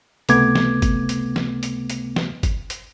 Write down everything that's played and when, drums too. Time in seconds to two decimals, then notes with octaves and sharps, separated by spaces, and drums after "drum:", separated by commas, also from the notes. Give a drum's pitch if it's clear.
0.29 C#2 C3 A3 B3 D6 G#6, drum: hi-hat
0.55 drum: snare
0.82 drum: kick G1, hi-hat
1.09 drum: hi-hat
1.36 drum: snare
1.63 drum: hi-hat
1.90 drum: hi-hat
2.16 drum: snare
2.43 drum: kick G1, hi-hat
2.70 drum: hi-hat